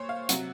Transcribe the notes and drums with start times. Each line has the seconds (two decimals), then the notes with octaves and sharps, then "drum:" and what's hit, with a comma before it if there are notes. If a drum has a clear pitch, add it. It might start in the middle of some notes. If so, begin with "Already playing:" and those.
Already playing: A#2 C5 C#5
0.09 F5
0.29 C3 F#3 F#5, drum: hi-hat